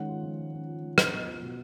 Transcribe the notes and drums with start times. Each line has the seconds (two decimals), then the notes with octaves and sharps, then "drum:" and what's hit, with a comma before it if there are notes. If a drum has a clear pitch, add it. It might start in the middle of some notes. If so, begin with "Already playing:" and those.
Already playing: D#3 G#3 C#4 F#5
0.09 F4
0.23 F3
0.38 G#3
0.53 C#4
0.68 F4
0.83 F3
0.98 F#3, drum: rim click
1.12 B3
1.27 F4
1.42 B2